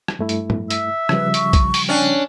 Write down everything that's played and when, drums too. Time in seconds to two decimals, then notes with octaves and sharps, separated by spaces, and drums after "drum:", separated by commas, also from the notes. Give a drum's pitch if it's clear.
0.08 drum: rim click
0.19 G2 A3 E4
0.29 drum: hi-hat
0.50 drum: tom
0.70 E5, drum: hi-hat
1.09 C#3 F3 G3 B4, drum: rim click
1.34 C#6, drum: hi-hat
1.53 drum: kick, hi-hat
1.74 drum: open hi-hat
1.89 C#4 D4 G5